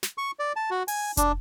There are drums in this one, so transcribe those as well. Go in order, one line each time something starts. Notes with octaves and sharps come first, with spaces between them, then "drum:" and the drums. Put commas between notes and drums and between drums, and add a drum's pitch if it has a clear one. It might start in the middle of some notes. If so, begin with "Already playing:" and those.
drum: snare
C#6
D5
A5
F#4
G#5, drum: open hi-hat
D4, drum: kick F1, hi-hat